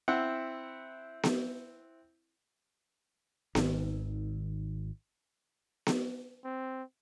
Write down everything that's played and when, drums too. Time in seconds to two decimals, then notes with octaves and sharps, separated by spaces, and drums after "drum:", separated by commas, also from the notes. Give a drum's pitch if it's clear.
0.08 C4 E4 F#5
1.23 drum: snare B3
3.55 G#1 D#3, drum: snare B3
5.87 drum: snare B3
6.44 C4